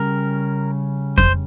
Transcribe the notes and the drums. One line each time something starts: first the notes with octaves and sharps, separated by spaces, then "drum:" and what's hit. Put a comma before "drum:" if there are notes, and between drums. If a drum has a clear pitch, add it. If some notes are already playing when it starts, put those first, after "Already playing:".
Already playing: C#3 G3 C#4 A#4
C5, drum: kick F2